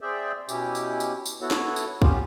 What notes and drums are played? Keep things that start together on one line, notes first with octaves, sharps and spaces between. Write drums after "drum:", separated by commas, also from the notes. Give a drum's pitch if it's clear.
C4 G#4 D5 E5 G5
B2 C#4 E4 G4, drum: tambourine
drum: tambourine
drum: tambourine
drum: tambourine
B3 E4 F#4 A4 C#5
drum: snare
drum: tambourine
B3 C#4 F4 G4, drum: kick